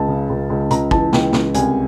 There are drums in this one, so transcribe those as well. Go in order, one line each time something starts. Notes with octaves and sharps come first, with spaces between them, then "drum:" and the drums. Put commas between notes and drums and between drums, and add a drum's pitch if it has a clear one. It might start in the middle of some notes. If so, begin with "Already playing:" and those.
Already playing: C#2 A5
C#3
C#2
C#2
C#2 A#5, drum: hi-hat
E3 A5, drum: kick
C#2 G5, drum: snare
C#2, drum: snare
C2 G#5, drum: hi-hat